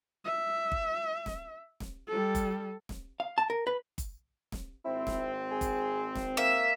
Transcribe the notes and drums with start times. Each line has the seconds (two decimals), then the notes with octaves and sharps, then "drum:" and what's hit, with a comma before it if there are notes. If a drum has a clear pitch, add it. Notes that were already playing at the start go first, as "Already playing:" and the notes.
0.25 E5
0.72 drum: kick G1
1.26 drum: snare
1.80 drum: snare
2.08 G3 A4
2.35 drum: kick G1, hi-hat
2.89 drum: snare
3.20 F5
3.38 A5
3.50 A#4
3.67 B4
3.98 drum: kick G1, hi-hat
4.52 drum: snare
4.85 G#1 C4 E4
5.07 drum: snare
5.51 G#4
5.61 drum: kick G1, hi-hat
6.15 drum: snare
6.37 A#3 E5